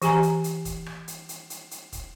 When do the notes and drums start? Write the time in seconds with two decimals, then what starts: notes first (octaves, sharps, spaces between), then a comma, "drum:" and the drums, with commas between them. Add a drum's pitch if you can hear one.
0.02 E3 G4 G#5 A#5, drum: hi-hat
0.23 drum: hi-hat
0.44 drum: hi-hat
0.65 drum: kick, hi-hat
0.86 drum: rim click
1.08 drum: hi-hat
1.29 drum: hi-hat
1.50 drum: hi-hat
1.71 drum: hi-hat
1.92 drum: kick, hi-hat